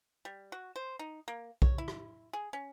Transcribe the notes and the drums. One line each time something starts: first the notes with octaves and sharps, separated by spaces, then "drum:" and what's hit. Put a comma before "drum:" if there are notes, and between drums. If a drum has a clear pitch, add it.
G3
F#4
C5
D#4
A#3
C#5, drum: kick B1
E4
drum: rim click
G#4
C#4